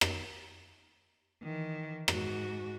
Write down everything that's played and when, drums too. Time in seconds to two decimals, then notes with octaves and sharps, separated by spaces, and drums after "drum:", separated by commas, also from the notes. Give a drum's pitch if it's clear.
0.01 drum: rim click
1.42 D#3 E3
2.08 G#2 F#4, drum: rim click